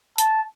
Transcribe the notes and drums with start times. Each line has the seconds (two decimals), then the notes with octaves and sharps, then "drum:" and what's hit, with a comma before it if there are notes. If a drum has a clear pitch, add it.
0.18 A5, drum: hi-hat